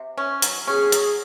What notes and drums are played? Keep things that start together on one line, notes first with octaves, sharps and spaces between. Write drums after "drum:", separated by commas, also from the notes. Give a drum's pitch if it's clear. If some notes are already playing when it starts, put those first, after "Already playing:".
Already playing: C3
C#4
F#3, drum: hi-hat
C#4 G#4
F#3, drum: hi-hat